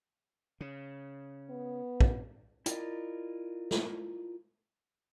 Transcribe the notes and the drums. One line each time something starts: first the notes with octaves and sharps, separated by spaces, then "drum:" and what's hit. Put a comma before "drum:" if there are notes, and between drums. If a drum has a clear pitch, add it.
C#3
B3
drum: kick
E4 F4 A#4 D5 D#5, drum: hi-hat
drum: snare